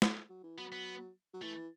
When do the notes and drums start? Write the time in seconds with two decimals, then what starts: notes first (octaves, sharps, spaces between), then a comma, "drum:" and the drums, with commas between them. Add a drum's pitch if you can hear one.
0.02 drum: snare
0.29 F#3
0.43 E3
0.58 F#3 B3
0.72 B3
1.34 F#3
1.42 E3 A3